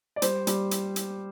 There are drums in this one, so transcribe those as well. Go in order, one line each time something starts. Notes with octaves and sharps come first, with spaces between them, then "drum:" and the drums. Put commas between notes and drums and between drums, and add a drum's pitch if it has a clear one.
D5
G3 C5, drum: hi-hat
G3, drum: hi-hat
drum: hi-hat
drum: hi-hat